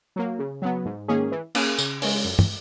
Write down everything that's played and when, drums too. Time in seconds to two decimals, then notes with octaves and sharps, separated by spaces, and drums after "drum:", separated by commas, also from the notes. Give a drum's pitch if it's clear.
0.16 F#3 A#3
0.39 C#3
0.62 F#3 B3
0.85 G#2
1.08 D#3 A#3 C#4 G#4
1.32 E3
1.55 A#3 C#4 G#4, drum: cymbal
1.78 C#3, drum: tambourine
2.02 G#3 C#4, drum: open hi-hat
2.24 F#2
2.39 drum: tom